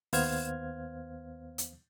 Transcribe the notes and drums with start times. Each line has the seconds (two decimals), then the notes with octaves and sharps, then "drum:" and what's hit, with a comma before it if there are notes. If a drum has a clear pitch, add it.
0.13 D#2 B3 C5 F5 F6 G#6, drum: open hi-hat
1.58 drum: hi-hat